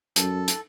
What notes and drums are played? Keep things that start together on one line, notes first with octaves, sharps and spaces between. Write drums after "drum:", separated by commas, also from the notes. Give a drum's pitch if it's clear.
F#2 A4, drum: hi-hat
drum: hi-hat